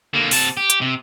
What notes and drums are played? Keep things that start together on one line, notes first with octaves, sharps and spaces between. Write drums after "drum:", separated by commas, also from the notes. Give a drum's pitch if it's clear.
D3 A#3
C3 A5, drum: open hi-hat
G4
drum: hi-hat
C3